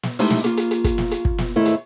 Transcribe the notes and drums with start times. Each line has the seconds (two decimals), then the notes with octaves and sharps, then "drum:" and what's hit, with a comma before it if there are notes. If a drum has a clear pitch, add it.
0.03 drum: snare
0.19 G#3 A3 D#4 E4 G4 E5, drum: open hi-hat
0.30 drum: snare
0.44 A#3 F4, drum: hi-hat
0.57 drum: hi-hat
0.71 drum: hi-hat
0.84 drum: kick, hi-hat
0.98 drum: snare
1.11 drum: hi-hat
1.25 drum: kick
1.38 drum: snare
1.56 D#2 G#2 A3 E4 D#5
1.65 drum: hi-hat